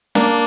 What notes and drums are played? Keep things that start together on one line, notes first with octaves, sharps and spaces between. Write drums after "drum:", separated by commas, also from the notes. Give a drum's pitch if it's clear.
A#3 D4, drum: snare C#4